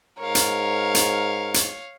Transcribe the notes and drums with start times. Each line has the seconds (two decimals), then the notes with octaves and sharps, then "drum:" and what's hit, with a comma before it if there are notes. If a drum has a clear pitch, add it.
0.20 G#2 A#4 C#5 F5
0.35 drum: hi-hat
0.95 drum: hi-hat
1.54 drum: hi-hat